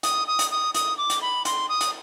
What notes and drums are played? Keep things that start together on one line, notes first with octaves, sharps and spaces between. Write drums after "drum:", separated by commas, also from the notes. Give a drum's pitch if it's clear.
D#6, drum: hi-hat
D#6
drum: hi-hat
D#6
D#6, drum: hi-hat
D6
drum: hi-hat
B5
C6, drum: hi-hat
D#6
drum: hi-hat